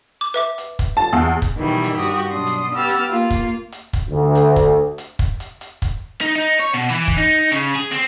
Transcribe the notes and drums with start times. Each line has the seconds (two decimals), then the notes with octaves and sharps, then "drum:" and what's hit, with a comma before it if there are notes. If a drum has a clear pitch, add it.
0.21 D6
0.34 B4 E5 D6
0.58 drum: hi-hat
0.79 drum: kick, hi-hat
0.97 A5
1.13 E2
1.42 drum: kick, hi-hat
1.58 B2 D#3 E3 F#3 G3
1.84 drum: hi-hat
1.96 G2 F#4 G4 D#6
2.30 B2 F#3 D4 C6 D#6
2.47 drum: hi-hat
2.74 B3 G4 E6 F6 A6
2.89 drum: hi-hat
3.10 A#3 F4
3.30 drum: kick, hi-hat
3.72 drum: hi-hat
3.93 drum: kick, hi-hat
4.09 D2
4.35 drum: hi-hat
4.56 drum: kick, hi-hat
4.98 drum: hi-hat
5.19 drum: kick, hi-hat
5.40 drum: hi-hat
5.61 drum: hi-hat
5.82 drum: kick, hi-hat
6.21 D#4
6.36 D#4
6.60 C#5
6.74 B2
6.91 E3
7.08 drum: kick
7.18 D#4
7.53 C#3
7.76 G#4
7.92 C4, drum: hi-hat